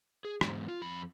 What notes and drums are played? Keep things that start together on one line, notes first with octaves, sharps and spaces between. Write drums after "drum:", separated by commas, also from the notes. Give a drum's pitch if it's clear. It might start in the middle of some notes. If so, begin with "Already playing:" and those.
G#4
E2 G#2, drum: rim click
F4
F2 B5